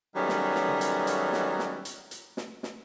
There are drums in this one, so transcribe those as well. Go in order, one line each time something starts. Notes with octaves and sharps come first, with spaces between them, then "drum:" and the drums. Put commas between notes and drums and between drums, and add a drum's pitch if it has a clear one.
D#3 F#3 G3 A3 B3 C#4
drum: snare
drum: snare
drum: tom
drum: hi-hat
drum: hi-hat
drum: snare
drum: snare
drum: hi-hat
drum: hi-hat
drum: snare
drum: snare